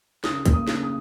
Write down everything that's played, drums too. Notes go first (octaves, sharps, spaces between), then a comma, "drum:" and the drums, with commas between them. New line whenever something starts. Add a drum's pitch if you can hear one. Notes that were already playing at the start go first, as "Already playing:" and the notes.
C#3 D#6, drum: snare
A#3, drum: kick, hi-hat
D#6
C#3, drum: snare
D#6